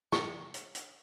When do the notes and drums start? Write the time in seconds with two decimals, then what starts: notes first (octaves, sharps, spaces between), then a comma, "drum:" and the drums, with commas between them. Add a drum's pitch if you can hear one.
0.12 C#6, drum: snare
0.54 drum: hi-hat
0.75 drum: hi-hat